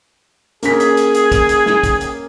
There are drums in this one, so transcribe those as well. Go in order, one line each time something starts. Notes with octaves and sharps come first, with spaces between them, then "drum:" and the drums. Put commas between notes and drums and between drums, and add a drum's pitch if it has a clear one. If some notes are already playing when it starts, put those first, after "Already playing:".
A#3 C#4 G#4 B6, drum: hi-hat
drum: hi-hat
drum: hi-hat
drum: hi-hat
drum: kick, hi-hat
drum: hi-hat
drum: snare
drum: kick, hi-hat
drum: hi-hat